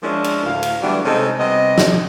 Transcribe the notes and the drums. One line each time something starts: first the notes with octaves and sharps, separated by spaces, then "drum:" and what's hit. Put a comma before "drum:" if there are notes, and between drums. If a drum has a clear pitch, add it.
F3 G#3 A#3 C#4 D4 E4
drum: cymbal
D2 A2 F5
drum: cymbal
E3 F#3 G3 A3 B3 D4
C3 G#3 C#4 D#4 A4
C3 G3 B3 D#5
drum: snare